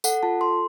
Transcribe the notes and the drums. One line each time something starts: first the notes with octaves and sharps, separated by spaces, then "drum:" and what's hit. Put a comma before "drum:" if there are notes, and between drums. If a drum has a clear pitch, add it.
A4 F#5, drum: tambourine
F4 A5
A4 C6